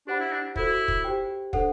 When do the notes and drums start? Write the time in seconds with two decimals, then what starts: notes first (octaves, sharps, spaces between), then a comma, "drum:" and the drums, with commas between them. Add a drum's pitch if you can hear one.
0.07 D4 G4 C5 F#5 B5
0.19 E4
0.32 D4
0.56 E4 F#4 A4 C5, drum: kick
0.88 drum: kick
1.04 G4 C5 G5
1.53 D4 A4 C5 F#5, drum: kick